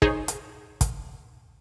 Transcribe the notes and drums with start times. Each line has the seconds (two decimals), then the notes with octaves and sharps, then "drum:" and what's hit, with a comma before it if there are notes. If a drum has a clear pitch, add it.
0.02 D#4 G#4 C5 C#5, drum: kick
0.28 drum: hi-hat
0.81 drum: kick, hi-hat